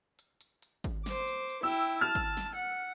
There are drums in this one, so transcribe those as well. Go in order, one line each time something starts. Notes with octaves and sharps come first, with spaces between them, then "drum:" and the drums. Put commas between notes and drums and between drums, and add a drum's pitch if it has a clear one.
drum: hi-hat
drum: hi-hat
drum: hi-hat
drum: kick G#1, hi-hat
C5 D6, drum: snare
drum: hi-hat
drum: hi-hat
E4 G5 E6
A5 F6
drum: kick G#1, hi-hat
drum: snare
F#5